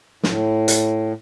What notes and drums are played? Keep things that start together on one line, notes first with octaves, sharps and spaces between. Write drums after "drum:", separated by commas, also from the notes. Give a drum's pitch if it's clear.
A2, drum: snare
drum: hi-hat